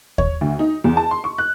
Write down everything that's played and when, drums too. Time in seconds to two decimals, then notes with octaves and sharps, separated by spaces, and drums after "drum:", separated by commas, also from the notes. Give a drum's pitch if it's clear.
0.18 C#5, drum: kick D#2
0.41 D2
0.59 D#4
0.84 E2
0.97 A5
1.11 C6
1.24 C#6
1.38 F#6